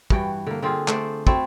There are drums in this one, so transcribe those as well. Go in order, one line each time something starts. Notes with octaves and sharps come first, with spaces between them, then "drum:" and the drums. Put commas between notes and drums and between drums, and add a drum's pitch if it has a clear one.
G2 E3 F#4 G5, drum: kick
D3 A#3
D3 C4 F4 G#4
A3 G#4 C5 D5, drum: clap
C4 E4 F#4 A4, drum: kick